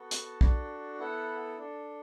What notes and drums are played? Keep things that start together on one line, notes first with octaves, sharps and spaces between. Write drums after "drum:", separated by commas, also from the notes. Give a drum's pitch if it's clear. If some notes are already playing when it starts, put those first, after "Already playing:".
Already playing: B3 F#4 A4
A5, drum: hi-hat
D4 F#4 A4, drum: kick
B3 E4 A4 F#5
D4 A4